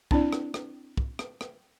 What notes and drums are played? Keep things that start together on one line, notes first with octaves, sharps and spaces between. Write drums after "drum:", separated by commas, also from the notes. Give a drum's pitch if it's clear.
C4 D4 E4 D5, drum: kick
drum: rim click
drum: rim click
drum: kick
drum: rim click
drum: rim click